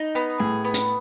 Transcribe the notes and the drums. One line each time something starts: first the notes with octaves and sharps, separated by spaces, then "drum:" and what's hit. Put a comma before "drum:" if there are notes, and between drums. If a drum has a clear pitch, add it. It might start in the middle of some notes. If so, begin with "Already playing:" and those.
Already playing: D#4
B3
A2 G#4
B3
drum: hi-hat